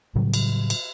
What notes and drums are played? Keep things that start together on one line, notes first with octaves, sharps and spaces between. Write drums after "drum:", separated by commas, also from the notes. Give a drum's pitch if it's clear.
A2 C#3 F#3 G3
drum: cymbal
drum: cymbal